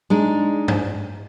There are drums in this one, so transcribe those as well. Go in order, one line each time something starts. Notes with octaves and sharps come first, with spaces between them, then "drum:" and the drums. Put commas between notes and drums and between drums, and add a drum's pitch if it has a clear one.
G#3 D4 D#4
drum: tom G2